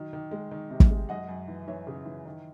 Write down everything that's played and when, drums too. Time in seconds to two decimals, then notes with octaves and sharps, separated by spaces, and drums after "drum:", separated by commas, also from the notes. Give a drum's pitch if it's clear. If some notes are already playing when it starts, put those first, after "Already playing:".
Already playing: D#3 F#3
0.13 D#3
0.31 G#3
0.51 D#3
0.70 C3
0.80 drum: kick
0.90 G#3
1.09 F#2 D#5 F#5
1.29 F#2
1.48 E3
1.67 E3 C#5 E5
1.87 C#3
2.05 E3
2.25 D#3